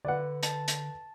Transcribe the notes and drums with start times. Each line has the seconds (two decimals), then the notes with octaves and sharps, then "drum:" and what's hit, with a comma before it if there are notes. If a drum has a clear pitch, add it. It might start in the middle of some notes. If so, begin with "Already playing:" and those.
0.05 D3 B4 D5 F#5
0.43 A5, drum: hi-hat
0.68 drum: hi-hat